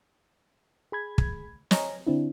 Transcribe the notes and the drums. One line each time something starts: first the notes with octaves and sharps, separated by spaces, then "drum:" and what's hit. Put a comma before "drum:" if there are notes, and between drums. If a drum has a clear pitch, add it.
G#4 B5 G#6
drum: kick
C#5 D#5 G#5 A#5, drum: snare
D3 C4 D4 E4